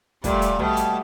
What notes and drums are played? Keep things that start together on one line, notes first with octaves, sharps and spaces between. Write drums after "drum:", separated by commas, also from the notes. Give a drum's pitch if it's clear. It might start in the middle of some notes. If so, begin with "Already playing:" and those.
A#2 G3 A3, drum: kick, hi-hat
drum: hi-hat
B2 G3 A3, drum: tom
drum: hi-hat